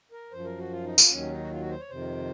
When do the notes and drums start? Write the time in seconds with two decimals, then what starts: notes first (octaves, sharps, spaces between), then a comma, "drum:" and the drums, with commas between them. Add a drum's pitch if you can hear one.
0.12 A#4
0.32 F#2 F3 C5
0.45 A#4
0.58 F#4
0.71 F4
0.84 D#4
0.98 F4, drum: tambourine
1.11 D#2 D#3 F#3 C#4
1.31 D#4
1.42 F#4
1.51 F4
1.61 F#4
1.70 C5
1.80 C#5
1.90 F2 C3 D#3 C5